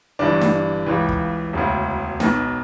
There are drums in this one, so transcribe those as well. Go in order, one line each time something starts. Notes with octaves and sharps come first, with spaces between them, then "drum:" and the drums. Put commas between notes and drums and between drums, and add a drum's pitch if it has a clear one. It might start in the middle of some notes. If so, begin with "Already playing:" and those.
G1 G2 E3 D4
drum: snare
C#2 C#3 E3
drum: kick
E1 D2 C#3
B1 B2, drum: snare